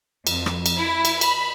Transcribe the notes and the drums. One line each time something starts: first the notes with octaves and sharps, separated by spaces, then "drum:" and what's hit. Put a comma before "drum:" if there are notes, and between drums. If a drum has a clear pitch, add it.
F2, drum: cymbal
drum: rim click
drum: cymbal
E4
drum: cymbal
B5, drum: cymbal